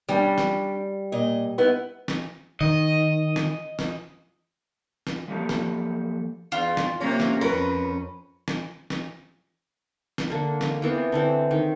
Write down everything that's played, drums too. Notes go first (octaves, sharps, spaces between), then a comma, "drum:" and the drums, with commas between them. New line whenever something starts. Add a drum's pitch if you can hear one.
G3 C#4 D4 G5
drum: snare
A#2 D#5
B3 D#4 E4
drum: snare
D#3 D#5
drum: snare
drum: snare
drum: snare
F3 F#3 A#3 G4 A4
drum: snare
E2 F4
drum: snare
C3 A#3 C#4
drum: snare
F2 C#4 A#4 B4
drum: snare
drum: snare
drum: snare
D3 A#3
drum: snare
E3 B3 C4 F4
D3 E3 C4
D#3